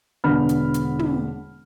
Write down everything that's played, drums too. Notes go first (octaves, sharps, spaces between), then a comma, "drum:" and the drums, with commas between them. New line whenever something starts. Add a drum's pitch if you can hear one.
E1 D3 B3 B5 F6
drum: hi-hat
drum: hi-hat
drum: tom